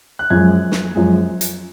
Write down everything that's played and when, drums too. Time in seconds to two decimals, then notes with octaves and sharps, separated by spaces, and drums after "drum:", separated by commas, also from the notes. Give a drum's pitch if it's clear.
0.19 F#6
0.30 F#2 F3 G#3 G#6
0.71 drum: snare
0.95 F#2 F3 G#3
1.41 drum: hi-hat